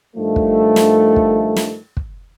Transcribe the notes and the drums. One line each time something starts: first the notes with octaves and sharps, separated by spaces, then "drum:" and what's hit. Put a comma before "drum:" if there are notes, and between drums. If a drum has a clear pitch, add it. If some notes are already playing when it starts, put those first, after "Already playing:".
G2 D#3 F3 G3 A3
drum: kick
drum: snare
drum: kick
drum: snare
drum: kick